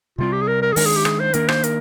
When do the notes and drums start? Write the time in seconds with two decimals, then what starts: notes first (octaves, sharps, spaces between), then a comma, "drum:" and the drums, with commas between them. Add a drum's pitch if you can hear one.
0.18 C3 G3 C4 F4
0.33 G4
0.42 G#4
0.48 A#4
0.62 A#4
0.72 G#4
0.76 D#3 G#3 D4 A#4, drum: open hi-hat
0.86 G#4
0.96 G4
1.05 G#4, drum: rim click
1.20 C5
1.34 D#3 A#3 D4 A#4, drum: hi-hat
1.49 C5, drum: rim click
1.64 A#4, drum: hi-hat